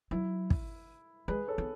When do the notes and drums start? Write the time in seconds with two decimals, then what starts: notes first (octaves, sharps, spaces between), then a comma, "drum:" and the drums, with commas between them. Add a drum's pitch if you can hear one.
0.11 F#3 E4
0.50 drum: kick
1.28 G#3 G#4 B4
1.48 A4 C#5
1.58 B3